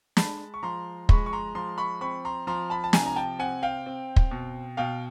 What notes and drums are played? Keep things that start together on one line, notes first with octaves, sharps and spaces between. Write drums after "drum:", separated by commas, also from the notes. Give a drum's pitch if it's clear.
G#3 A5 B5, drum: snare
C#6
F3 A#5 C6
G#3 B5 C#6, drum: kick
C#6
A#5 C6
F3 A#5 C6
B5 C#6
C4 B5 C#6
A#5 C6
F3 A#5 C6
A5 B5
A5
C3 G#5 A#5, drum: snare
A#5
G5 A5
C4 F#5 G#5
F5 G5
C4
drum: kick
B2
B2 F5 G5